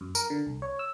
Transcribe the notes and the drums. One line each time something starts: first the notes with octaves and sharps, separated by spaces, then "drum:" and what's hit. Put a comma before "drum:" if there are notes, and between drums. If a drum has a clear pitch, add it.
F#2
A#4, drum: tambourine
D3
C2
C#5
E6